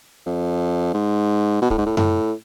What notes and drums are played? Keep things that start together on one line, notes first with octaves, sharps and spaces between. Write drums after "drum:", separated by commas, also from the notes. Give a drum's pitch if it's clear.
F2
G#2
B2
A2, drum: kick
G#2
A2
A2, drum: tom F#2